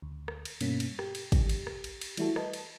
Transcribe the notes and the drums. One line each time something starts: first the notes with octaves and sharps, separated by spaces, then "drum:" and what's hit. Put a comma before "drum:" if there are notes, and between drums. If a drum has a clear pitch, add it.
D2
drum: rim click
drum: cymbal
G2 B2 A#3 C#4 B6, drum: cymbal
drum: cymbal
G4, drum: rim click
drum: cymbal
drum: kick, cymbal
drum: cymbal
drum: rim click
drum: cymbal
drum: cymbal
E3 G3 A3 E4 F#4 A4, drum: cymbal
B4 D#5 A5, drum: rim click
drum: cymbal